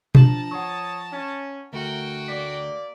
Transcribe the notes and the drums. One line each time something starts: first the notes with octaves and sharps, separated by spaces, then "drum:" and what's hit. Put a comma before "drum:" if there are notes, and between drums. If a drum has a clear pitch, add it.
F3 D4 A5 A#5 F#7, drum: tom B2
C#5 F#5 C#6 D#6
C#4
D2 A3 F#4 A#4 G5
A#3 D5 B6